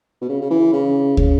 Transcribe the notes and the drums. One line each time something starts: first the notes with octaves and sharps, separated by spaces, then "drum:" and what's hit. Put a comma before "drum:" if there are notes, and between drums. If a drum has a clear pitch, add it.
B2
C#3
C#3
E3
C#3
C#3, drum: kick